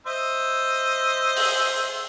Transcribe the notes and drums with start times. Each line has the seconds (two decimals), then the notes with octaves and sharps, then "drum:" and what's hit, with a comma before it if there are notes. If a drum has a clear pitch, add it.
0.07 C5 D#5 E5
1.36 drum: open hi-hat